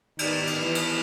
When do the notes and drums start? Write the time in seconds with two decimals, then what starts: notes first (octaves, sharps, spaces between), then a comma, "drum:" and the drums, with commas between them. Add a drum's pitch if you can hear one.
0.19 D#3 G4 D5, drum: cymbal
0.47 drum: cymbal
0.60 E3
0.75 drum: cymbal